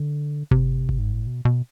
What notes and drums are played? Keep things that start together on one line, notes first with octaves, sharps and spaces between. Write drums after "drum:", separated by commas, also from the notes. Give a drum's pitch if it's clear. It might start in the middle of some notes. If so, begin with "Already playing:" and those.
Already playing: D3
C3, drum: kick G1
drum: kick G1
G#2
A2
B2
B2